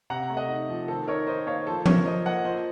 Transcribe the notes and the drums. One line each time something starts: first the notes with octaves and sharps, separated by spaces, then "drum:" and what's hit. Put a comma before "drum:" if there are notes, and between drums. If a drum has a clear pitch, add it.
C3 F#5 A#5
A3
D#5 F#5
D#4
F3
D#3 A4 C5
D#4 A#4 C#5
D#3 C5 D#5
A#3 C#5 F5
F3 A4 C5
C#4 A#4 C#5, drum: tom F3
F3 C5 D#5
A#3 D#5 F#5
F3 C5 D#5